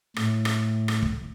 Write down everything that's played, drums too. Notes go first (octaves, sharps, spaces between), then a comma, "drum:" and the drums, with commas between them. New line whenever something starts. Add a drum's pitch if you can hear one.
A2, drum: rim click
drum: rim click
drum: rim click
drum: kick